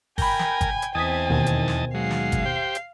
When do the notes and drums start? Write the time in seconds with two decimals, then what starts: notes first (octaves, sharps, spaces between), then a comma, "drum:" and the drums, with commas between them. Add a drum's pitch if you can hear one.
0.18 A#4 G5 G#5 B5 G6, drum: kick G1, open hi-hat
0.39 drum: snare
0.61 drum: kick G1, hi-hat
0.82 drum: hi-hat
0.95 E2 C4 D#5 G#5 A5 D#6 G#6 B6
1.30 D#2 B2 D#3
1.46 drum: hi-hat
1.68 drum: snare
1.94 F#3 G#3 F5 C7
2.11 drum: snare
2.32 drum: kick G1, hi-hat
2.45 G4 C5 G5
2.75 drum: hi-hat